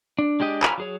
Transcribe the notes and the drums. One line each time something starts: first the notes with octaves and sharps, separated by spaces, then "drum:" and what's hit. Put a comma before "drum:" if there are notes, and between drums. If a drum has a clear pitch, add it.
D4
G#3 D4 G4 D#5
G#5 A#5 B5 F6, drum: clap
F#3 G#4 C#5